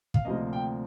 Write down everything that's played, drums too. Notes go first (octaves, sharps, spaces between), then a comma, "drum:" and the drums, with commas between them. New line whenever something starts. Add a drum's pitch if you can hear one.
F5, drum: kick
D2 C3 F3 A#3 D#5
G5